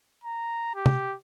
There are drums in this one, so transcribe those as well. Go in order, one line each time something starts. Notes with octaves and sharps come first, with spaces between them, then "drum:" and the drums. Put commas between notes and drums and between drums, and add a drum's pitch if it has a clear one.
A#5
G4
drum: tom